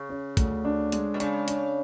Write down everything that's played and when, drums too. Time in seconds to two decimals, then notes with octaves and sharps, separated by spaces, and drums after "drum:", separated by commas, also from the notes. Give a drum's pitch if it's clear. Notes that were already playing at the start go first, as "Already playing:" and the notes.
Already playing: C#3
0.10 C#4
0.37 D2, drum: kick, hi-hat
0.65 D4
0.92 G#3, drum: hi-hat
1.14 B2
1.20 C#3 D4, drum: hi-hat
1.48 D4, drum: hi-hat